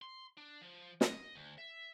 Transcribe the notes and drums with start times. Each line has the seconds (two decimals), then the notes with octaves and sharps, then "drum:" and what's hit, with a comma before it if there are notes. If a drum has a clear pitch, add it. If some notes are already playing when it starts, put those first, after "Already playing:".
0.02 C6
0.37 D4
0.61 F3
1.01 D#5, drum: snare
1.35 D2
1.58 E5